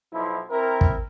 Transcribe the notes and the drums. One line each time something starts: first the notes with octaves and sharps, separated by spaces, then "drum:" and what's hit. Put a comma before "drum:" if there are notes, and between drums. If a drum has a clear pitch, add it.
B1 F3 E4
C4 E4 A#4
drum: kick